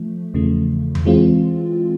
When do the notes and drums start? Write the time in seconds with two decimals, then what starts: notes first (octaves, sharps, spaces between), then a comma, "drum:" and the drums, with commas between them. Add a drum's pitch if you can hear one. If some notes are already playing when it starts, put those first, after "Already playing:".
Already playing: F3 A3
0.34 E2 C#3 F3 A3
0.95 drum: tom E2
1.05 E3 G#3 C4 F4